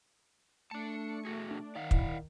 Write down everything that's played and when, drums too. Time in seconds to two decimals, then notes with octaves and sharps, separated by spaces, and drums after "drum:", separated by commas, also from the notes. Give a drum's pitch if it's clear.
0.71 A3 D4 A5 C#7
1.25 B2 F#4 G#4
1.51 D4
1.75 D#3 D5 F5 F#5
1.91 E4, drum: kick